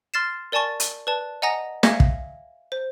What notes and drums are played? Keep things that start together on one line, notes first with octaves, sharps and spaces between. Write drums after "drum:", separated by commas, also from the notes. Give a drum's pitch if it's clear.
C6 F6 A6 C7 E7
A#4 D5 G#5 A5 C#6 A6
drum: hi-hat
B4 D5 A5
D#5 F#5 G#5 A#5 D#6 A#6
E5 F5 G#5 G#6 A#6 C#7, drum: snare
drum: kick
C5